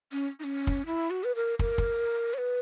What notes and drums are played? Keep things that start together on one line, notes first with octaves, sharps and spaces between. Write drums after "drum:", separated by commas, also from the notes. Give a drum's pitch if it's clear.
C#4
D#4
C#4
drum: kick
E4
F#4
B4
A#4
A#4, drum: kick
drum: kick
C#5
B4